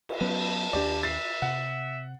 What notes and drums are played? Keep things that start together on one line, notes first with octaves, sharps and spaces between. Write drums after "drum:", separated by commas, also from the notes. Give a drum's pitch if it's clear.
drum: cymbal
F#3 B3 C#4 B4 A5
D#2 G#3 D4 G4 D5
E5 A6 C7
C3 F#5